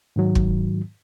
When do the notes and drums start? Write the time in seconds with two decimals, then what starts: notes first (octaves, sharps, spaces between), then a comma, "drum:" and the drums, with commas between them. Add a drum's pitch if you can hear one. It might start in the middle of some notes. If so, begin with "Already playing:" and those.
0.16 G#2 D#3 F#3
0.35 drum: kick